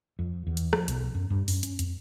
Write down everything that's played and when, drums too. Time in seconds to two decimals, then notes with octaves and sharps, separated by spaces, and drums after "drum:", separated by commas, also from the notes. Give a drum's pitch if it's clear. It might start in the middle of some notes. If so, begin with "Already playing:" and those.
0.19 F2
0.47 E2
0.57 drum: hi-hat
0.73 F3, drum: rim click
0.88 B1, drum: hi-hat
1.15 F#2
1.30 G2
1.48 F#2, drum: open hi-hat
1.63 C#4, drum: hi-hat
1.79 F2, drum: hi-hat